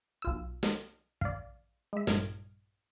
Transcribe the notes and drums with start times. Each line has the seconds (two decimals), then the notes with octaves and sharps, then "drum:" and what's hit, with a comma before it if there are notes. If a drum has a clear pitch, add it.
0.22 B1 F4 E6
0.63 drum: snare
1.21 D5 F5, drum: kick
1.93 G#3 E5
2.07 A#1 G2 E4 F6 G#6 D7, drum: snare